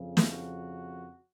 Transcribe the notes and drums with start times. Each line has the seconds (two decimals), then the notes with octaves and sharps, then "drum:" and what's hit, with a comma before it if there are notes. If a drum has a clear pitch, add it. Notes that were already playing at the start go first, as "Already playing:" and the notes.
Already playing: F2 C#3
0.17 F#4, drum: snare